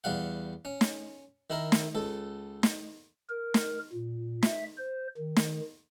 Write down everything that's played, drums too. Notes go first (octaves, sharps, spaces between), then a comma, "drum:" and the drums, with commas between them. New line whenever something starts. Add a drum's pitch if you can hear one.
E2 G3 F5 F#5
C#4
drum: snare
D#3 E4 A#4
drum: snare
C#2 A4
drum: snare
A#4
drum: snare
A#2
E5, drum: snare
C5
D#3
drum: snare